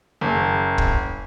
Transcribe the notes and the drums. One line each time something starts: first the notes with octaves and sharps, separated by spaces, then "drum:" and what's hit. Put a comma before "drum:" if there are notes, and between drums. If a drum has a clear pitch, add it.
F#1
drum: kick